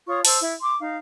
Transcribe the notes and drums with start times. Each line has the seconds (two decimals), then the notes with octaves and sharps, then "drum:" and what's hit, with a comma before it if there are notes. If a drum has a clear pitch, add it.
0.08 F4 C#5 C#6 D#6
0.25 C5 A5 E6, drum: open hi-hat
0.41 E4
0.61 C6 D6
0.80 D#4 F5